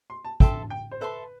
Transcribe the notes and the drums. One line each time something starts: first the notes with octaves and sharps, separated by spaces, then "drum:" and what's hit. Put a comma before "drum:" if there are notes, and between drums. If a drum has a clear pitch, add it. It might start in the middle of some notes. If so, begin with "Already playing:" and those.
C6
A5
A4 E5 G5 A5 C6, drum: kick
G5
C5
A4 B4 E5 A5 C6